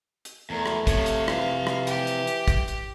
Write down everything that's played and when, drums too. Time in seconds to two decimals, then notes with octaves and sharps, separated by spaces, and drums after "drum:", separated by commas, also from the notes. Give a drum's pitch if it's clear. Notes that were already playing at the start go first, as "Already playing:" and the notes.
0.25 drum: hi-hat
0.50 E2 A3 A#4
0.66 drum: rim click
0.87 C3 F3 C#5, drum: kick, hi-hat
1.06 drum: hi-hat
1.28 E3 F5, drum: rim click
1.67 drum: rim click
1.87 G4, drum: hi-hat
2.07 drum: hi-hat
2.27 drum: hi-hat
2.48 drum: kick, hi-hat
2.68 drum: hi-hat